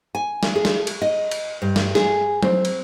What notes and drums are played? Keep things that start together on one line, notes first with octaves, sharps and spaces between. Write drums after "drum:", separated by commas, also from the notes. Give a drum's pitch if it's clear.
G#5
drum: snare
G#4
drum: snare
drum: cymbal
D#5
drum: cymbal
G2
drum: snare
G#4, drum: snare
C4, drum: tom F#3
drum: cymbal